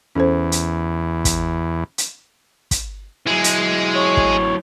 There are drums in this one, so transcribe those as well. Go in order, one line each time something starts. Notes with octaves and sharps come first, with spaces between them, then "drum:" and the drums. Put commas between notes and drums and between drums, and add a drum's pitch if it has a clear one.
E2 C#4 A4 C5
drum: hi-hat
drum: kick, hi-hat
drum: hi-hat
drum: kick, hi-hat
F#3 G#3 E4
drum: hi-hat
C#5
drum: kick